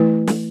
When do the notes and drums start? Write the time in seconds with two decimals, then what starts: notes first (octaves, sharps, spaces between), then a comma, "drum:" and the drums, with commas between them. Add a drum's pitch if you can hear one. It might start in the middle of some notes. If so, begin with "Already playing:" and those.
Already playing: E3 A3 E4 B4
0.27 drum: snare